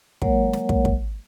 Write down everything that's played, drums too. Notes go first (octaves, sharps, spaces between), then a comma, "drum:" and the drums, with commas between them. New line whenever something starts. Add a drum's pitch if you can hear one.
F#3 G#3 A#3 A#4 C#5 F#5, drum: kick
drum: snare
drum: kick
drum: kick